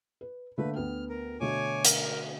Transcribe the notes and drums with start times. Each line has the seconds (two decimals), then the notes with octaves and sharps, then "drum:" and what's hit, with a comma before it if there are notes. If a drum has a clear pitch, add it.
0.21 B4
0.58 D3 A3 A#3 B4
0.76 D2 B3 G5 F6
1.09 A#4
1.40 B2 D3 A3 C#5 G#5 D6
1.85 A#4 F6, drum: hi-hat